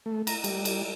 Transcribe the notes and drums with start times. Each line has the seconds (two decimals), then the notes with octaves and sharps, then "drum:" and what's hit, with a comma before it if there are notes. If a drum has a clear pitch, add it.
0.06 A3
0.27 A#5, drum: cymbal
0.44 G3, drum: cymbal
0.65 drum: cymbal